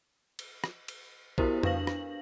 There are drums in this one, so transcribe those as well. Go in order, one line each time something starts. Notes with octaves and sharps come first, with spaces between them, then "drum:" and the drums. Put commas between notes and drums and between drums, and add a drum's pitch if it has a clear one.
drum: cymbal
drum: rim click
drum: cymbal
B3 E4 F#4 G4 A#4 C5, drum: kick B1
D4 B4 F5 A#6 F#7, drum: tom F2
drum: rim click